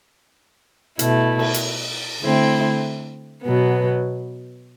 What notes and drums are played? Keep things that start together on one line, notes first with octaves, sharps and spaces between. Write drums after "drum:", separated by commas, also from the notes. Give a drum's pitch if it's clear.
B2 A3 E4, drum: hi-hat
drum: cymbal
drum: hi-hat
D3 A3 C4 E4
B2 F#3 B3